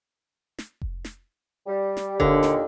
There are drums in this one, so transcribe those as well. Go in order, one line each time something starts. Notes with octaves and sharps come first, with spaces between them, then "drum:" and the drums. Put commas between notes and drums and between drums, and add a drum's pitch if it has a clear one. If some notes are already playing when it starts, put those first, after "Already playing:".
drum: snare
drum: kick F1
drum: snare
G3
drum: snare
D#2 A#2 D3, drum: kick F1
drum: snare